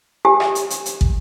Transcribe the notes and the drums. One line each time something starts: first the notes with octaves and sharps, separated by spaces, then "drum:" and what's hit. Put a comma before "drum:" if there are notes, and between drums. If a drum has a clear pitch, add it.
G4 G#5
drum: rim click
drum: hi-hat
drum: hi-hat
drum: hi-hat
drum: kick